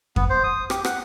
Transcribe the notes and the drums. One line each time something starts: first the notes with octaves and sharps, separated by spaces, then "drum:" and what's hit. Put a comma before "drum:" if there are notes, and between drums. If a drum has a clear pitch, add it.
B3, drum: kick F2
C5
D#6
G4, drum: rim click
F#5, drum: rim click